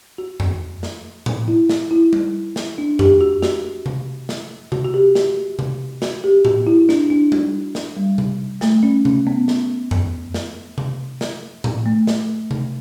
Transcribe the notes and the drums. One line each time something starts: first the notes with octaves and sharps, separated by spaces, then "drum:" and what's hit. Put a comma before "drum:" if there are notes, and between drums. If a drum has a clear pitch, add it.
F#4
drum: tom F2
drum: snare
drum: tom A2
E4
drum: snare
E4
drum: tom G3
drum: snare
D4
G4, drum: tom F2
F#4
F#4, drum: snare
drum: tom C3
drum: snare
F#4, drum: tom C3
F#4
G4
F#4, drum: snare
drum: tom C3
F#4, drum: snare
G4
F#4, drum: tom A2
E4
D4, drum: snare
D4
F#4, drum: tom G3
drum: snare
G3
drum: tom C3
A3, drum: snare
C#4
C#4, drum: tom C3
B3
drum: snare
drum: tom F2
drum: snare
drum: tom C3
drum: snare
drum: tom A2
A3
drum: snare
drum: tom C3